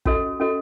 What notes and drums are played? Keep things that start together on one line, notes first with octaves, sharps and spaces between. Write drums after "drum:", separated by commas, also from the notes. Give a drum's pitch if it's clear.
C#4 F#4 A4 D#5, drum: kick
C#4 F#4 A4 D#5